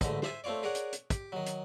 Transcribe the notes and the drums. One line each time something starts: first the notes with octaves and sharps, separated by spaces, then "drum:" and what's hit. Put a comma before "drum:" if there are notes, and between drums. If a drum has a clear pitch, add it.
A1 G#2 D3 A3, drum: kick, hi-hat
C5 E5 G#5, drum: snare
A3 C4 F4 C#5 D5
G#4 A#4 C#5 D5 F#5
drum: hi-hat
drum: hi-hat
G4, drum: kick, hi-hat
D#3 F#3
drum: hi-hat